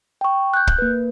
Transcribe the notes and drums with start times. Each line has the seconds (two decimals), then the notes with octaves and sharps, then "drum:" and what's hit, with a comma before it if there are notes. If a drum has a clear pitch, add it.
0.21 G5 C#6
0.54 F#6 G6
0.67 drum: kick
0.78 A#3 B4